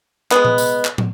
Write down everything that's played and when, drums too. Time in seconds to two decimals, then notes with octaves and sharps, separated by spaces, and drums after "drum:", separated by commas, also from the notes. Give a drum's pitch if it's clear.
0.31 G#3 B3, drum: clap
0.45 drum: tom A#2
0.58 drum: tambourine
0.85 drum: clap
0.98 drum: tom